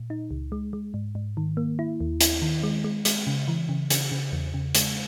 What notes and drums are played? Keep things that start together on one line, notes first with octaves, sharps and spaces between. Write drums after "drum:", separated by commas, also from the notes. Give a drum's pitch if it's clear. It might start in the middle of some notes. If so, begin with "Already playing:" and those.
Already playing: A#2
D#4
C#2
G#3
G#3
G#2
G#2
D#3
A#3
E4
D#2
E4, drum: hi-hat
D#3
G#3
G#3
G#3, drum: hi-hat
C#3
E3
C#3
C#3, drum: hi-hat
C#3
E2
C#3
G#3, drum: hi-hat